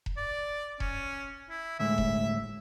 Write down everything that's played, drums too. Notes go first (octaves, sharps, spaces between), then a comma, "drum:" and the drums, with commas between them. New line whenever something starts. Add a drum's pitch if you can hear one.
drum: kick E1
D5
C#4, drum: kick E1
E4
D2 A2 G#3 E5
drum: kick E1